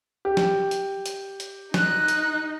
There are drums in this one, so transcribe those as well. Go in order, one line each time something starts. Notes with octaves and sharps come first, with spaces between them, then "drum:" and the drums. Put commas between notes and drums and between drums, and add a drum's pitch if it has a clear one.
G4
drum: snare
drum: hi-hat
drum: hi-hat
drum: hi-hat
D#4 F#6, drum: snare
drum: hi-hat